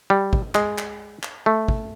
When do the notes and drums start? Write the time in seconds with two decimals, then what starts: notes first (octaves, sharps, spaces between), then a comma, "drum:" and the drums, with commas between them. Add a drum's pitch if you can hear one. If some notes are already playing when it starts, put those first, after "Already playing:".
0.10 G3
0.33 drum: kick
0.55 G#3, drum: clap
0.78 drum: clap
1.23 drum: clap
1.46 A3
1.68 drum: kick